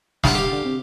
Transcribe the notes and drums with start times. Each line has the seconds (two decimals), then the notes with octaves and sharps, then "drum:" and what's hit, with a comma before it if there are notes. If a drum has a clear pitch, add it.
0.24 G2 F5 F#5, drum: snare
0.35 G4 F5
0.52 D3
0.65 C3